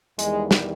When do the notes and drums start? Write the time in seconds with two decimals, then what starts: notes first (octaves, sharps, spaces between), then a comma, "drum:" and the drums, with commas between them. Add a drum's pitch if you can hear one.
0.19 E2 D#3 G3 G#3, drum: hi-hat
0.51 drum: snare